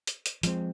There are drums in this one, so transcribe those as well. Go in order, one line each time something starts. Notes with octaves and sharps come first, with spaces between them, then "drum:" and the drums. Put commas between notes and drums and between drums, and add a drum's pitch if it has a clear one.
drum: hi-hat
drum: hi-hat
F3 G#3 C4, drum: hi-hat